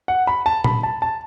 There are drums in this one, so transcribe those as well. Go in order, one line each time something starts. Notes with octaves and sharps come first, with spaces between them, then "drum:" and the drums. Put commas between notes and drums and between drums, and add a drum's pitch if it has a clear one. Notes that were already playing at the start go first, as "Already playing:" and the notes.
F#5
B5
A5
B5, drum: tom A#2
A5
A5